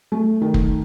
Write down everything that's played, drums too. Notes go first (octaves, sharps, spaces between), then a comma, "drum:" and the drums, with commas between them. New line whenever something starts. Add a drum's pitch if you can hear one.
A3
D#3
drum: kick